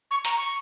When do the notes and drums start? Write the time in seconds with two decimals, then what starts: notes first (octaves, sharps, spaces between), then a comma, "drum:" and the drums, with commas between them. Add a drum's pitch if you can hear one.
0.11 C#6
0.25 A#5, drum: hi-hat
0.38 C#6